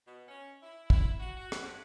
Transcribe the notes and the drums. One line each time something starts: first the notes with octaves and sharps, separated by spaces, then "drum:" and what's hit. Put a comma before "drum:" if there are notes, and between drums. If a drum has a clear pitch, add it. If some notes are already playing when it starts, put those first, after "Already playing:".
B2
C#4
E4
E4, drum: kick
F#4
F#4
drum: rim click
G2